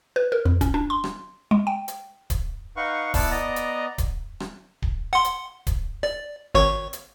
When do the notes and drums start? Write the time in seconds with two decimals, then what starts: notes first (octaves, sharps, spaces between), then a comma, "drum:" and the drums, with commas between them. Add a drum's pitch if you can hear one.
0.16 B4
0.32 A#4
0.45 F2
0.61 C#4, drum: kick D1, hi-hat
0.74 D4
0.90 C6
1.04 drum: rim click
1.51 G#3
1.67 G5
1.88 drum: hi-hat
2.30 drum: kick D1, hi-hat
2.77 D#4 B4 F5 F#5 C#6
3.14 B3 E4 D5 F#5 A5, drum: kick D1, open hi-hat
3.31 B3 D5 D#5 A#5
3.56 drum: hi-hat
3.98 drum: kick D1, hi-hat
4.40 drum: rim click
4.82 drum: kick D1
5.13 F#5 C6
5.24 drum: hi-hat
5.67 drum: kick D1, hi-hat
6.03 D5
6.55 G#1 C#5 C#6
6.93 drum: hi-hat